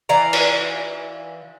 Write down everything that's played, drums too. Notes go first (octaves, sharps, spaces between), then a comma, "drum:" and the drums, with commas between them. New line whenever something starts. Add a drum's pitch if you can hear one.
E3 D5 F5 A#5
drum: cymbal